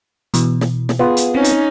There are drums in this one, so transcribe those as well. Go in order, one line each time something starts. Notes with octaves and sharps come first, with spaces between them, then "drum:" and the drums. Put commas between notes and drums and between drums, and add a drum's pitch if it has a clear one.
B2 E3, drum: hi-hat
drum: snare
drum: snare
B3 F4 G#4
drum: hi-hat
C4 C#4 D#4
drum: hi-hat